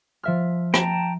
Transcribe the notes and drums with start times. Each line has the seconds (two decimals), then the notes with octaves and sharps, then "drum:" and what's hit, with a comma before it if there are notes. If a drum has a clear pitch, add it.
0.23 F3 E5 F6
0.74 G5 A5 A#5, drum: rim click